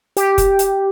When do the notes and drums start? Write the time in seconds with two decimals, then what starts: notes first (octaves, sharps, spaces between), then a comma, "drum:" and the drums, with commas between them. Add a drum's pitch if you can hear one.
0.17 G4, drum: hi-hat
0.38 drum: kick, hi-hat
0.59 drum: hi-hat